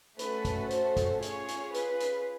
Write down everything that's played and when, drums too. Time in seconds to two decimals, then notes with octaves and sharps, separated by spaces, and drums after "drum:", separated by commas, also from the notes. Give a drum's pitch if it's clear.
0.19 A3 C#4 F#4 A4 B4, drum: hi-hat
0.45 drum: kick, hi-hat
0.70 C5, drum: hi-hat
0.97 drum: kick, hi-hat
1.22 C#4 F4 G#4 C#5, drum: hi-hat
1.48 drum: hi-hat
1.74 B4, drum: hi-hat
2.00 drum: hi-hat